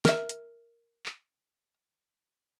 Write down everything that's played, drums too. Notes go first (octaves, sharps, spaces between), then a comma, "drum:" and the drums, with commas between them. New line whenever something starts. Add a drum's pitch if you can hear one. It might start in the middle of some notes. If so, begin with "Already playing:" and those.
A#4 E5, drum: snare
drum: hi-hat
drum: clap